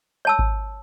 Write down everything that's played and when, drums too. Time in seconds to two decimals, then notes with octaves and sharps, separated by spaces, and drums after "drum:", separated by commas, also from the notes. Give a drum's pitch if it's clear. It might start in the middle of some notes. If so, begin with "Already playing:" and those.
0.25 C#5 A5 E6
0.39 drum: kick G#1